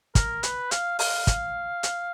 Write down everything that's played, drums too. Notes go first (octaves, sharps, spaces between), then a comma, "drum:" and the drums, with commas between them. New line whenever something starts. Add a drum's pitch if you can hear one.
A#4, drum: kick, hi-hat
B4, drum: hi-hat
F5, drum: hi-hat
F5, drum: open hi-hat
drum: kick, hi-hat
drum: hi-hat